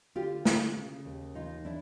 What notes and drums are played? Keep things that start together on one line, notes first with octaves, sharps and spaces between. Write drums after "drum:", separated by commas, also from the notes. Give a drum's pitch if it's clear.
D3 F4 G4
D3, drum: snare
C#3
D#2
E3 D#4 F4
E3 D4 E4